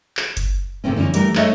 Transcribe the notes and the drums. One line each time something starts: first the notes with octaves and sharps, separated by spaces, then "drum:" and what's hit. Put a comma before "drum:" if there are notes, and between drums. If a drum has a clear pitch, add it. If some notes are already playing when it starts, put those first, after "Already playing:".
drum: clap
drum: kick F#1, hi-hat
C3 D#3 A3 C4 C#4
D3 E3 C#4 D#4 C#5
E3 G3 A3 A#4, drum: hi-hat
A3 D#4 A4 C#5 D#5 E5, drum: clap